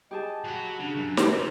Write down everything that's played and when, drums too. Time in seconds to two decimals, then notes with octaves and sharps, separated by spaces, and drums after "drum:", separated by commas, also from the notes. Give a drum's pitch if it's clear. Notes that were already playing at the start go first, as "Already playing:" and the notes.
0.11 G4 G#4 D#5 A5
0.45 F#3 F#5 B5
0.79 C#3 D4
0.96 F#2
1.17 D#3 C4, drum: snare
1.34 F#2 C#3 F#3 C5